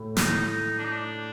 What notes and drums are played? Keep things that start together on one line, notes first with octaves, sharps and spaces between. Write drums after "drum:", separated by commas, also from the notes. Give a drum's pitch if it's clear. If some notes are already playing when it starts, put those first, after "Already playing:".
Already playing: A2 A3
D#4, drum: snare
D#4
D4
D#4
D4